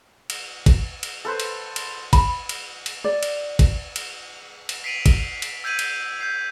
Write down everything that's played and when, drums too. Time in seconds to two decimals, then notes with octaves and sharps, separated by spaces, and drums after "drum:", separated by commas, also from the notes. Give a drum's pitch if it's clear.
0.30 drum: cymbal
0.66 drum: kick, cymbal
1.03 drum: cymbal
1.25 A4 B4 C5
1.40 drum: cymbal
1.76 drum: cymbal
2.13 B5, drum: kick, cymbal
2.49 drum: cymbal
2.86 drum: cymbal
3.04 D5
3.23 drum: cymbal
3.59 drum: kick, cymbal
3.96 drum: cymbal
4.69 drum: cymbal
4.84 B6 C7 D7 D#7 F7 F#7
5.06 drum: kick, cymbal
5.42 drum: cymbal
5.64 E6 G6 G#6 B6 D#7 F#7
5.79 drum: cymbal
6.21 G6 C7